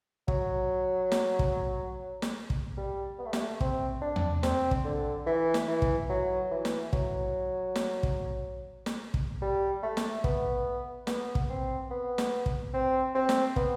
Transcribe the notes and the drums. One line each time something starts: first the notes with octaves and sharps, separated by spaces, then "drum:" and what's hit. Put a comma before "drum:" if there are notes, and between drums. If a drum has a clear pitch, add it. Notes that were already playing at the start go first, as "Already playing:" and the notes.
F#3, drum: kick
drum: snare
drum: kick
drum: snare
drum: kick
G3
B3
A3
G3, drum: snare
A3
C4, drum: kick
D4
drum: tom E2
C4, drum: snare
drum: kick
D3
E3
drum: snare
E3
drum: kick
F#3
E3
drum: snare
F#3, drum: kick
drum: snare
drum: kick
drum: snare
drum: kick
G3
A3
drum: snare
B3, drum: kick
B3, drum: snare
drum: kick
C4
B3
drum: snare
drum: kick
C4
C4
drum: snare
B3, drum: kick